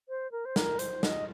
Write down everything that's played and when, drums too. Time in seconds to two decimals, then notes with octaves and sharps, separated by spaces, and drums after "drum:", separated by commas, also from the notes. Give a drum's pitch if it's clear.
0.09 C5
0.32 A#4
0.45 C5
0.56 A#4, drum: snare
0.79 C5, drum: hi-hat
1.03 D#5, drum: snare